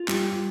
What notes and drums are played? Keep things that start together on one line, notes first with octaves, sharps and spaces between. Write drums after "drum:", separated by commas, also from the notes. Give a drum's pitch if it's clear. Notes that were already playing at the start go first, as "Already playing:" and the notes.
Already playing: F4
G3, drum: clap